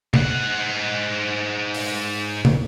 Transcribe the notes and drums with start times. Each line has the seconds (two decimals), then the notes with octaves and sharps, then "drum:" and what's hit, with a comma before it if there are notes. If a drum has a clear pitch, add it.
0.14 G#2 F#5, drum: tom
1.74 drum: open hi-hat
2.45 drum: tom